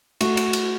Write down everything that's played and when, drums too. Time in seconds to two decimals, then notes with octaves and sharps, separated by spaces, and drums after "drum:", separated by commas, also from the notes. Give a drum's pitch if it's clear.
0.21 A3 F#4, drum: cymbal
0.37 drum: cymbal
0.53 drum: cymbal